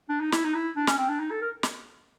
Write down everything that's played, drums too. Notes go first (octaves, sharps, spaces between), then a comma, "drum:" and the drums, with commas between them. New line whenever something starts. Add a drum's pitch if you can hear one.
D4
D#4
E4, drum: snare
D#4
E4
D4
C#4, drum: snare
C4
D4
D#4
A4
A#4
drum: snare